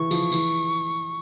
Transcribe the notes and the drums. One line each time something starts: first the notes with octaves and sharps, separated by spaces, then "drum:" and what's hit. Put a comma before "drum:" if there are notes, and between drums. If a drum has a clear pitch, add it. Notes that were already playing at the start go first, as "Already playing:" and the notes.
Already playing: E3 C#6
F3, drum: tambourine
E3, drum: tambourine